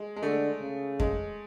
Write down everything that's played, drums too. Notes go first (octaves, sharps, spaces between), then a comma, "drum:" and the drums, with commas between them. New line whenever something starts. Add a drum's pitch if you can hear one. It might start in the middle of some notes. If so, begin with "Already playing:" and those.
Already playing: G#3
G#3
D3 A3
C#3
G#3, drum: kick F2